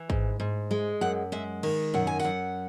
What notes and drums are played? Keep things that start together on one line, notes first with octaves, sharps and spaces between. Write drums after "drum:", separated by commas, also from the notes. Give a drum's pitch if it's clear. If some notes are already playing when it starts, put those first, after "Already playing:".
Already playing: E3
G#2, drum: kick
G#2
G#3
F#2 F#5
G#3 E5
D#3, drum: cymbal
F#2 F#5, drum: tom A#2
G#5
F#5, drum: tambourine
F#2